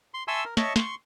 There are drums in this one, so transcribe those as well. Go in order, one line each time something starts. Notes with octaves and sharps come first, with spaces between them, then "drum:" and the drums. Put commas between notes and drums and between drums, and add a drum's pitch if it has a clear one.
C6
E5 G#5 A5 C6 C#6 E6
A#4
C#5 D#5 E5 A5 C#6, drum: snare
C6 C#6, drum: snare